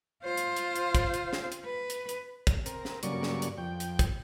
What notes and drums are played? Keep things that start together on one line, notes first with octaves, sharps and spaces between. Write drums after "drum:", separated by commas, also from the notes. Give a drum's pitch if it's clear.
F4 C5
drum: hi-hat
drum: hi-hat
drum: hi-hat
drum: kick, hi-hat
drum: hi-hat
drum: snare
drum: hi-hat
B4
drum: hi-hat
drum: hi-hat
drum: kick, hi-hat
C4 A#4, drum: hi-hat
drum: snare
G2 C#3 F#3 A#3 D5 C#6, drum: hi-hat
drum: snare
drum: hi-hat
F2 G5
drum: hi-hat
drum: kick, hi-hat